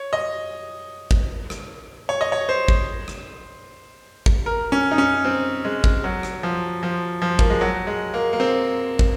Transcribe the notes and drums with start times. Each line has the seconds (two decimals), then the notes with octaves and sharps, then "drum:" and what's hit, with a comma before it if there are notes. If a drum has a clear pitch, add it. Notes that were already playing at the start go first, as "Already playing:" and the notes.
Already playing: C#5
0.13 D#5
1.11 drum: kick
1.50 drum: rim click
2.09 C#5
2.21 D#5
2.32 C#5
2.49 C5
2.68 drum: kick
3.08 drum: rim click
4.26 drum: kick
4.46 A#4
4.72 C#4
4.91 D#4
4.98 C#4
5.25 C4
5.65 G#3
5.84 drum: kick
6.04 F#3
6.23 drum: rim click
6.43 F3
6.83 F3
7.22 F3
7.39 A#3, drum: kick
7.50 G#3
7.61 F#3
7.87 G#3
8.14 A#3
8.33 A#3
8.40 C4
8.99 drum: kick